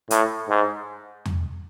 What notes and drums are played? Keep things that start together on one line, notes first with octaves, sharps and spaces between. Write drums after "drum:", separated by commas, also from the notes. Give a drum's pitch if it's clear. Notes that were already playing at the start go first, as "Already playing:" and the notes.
A2, drum: hi-hat
G#2
drum: tom E2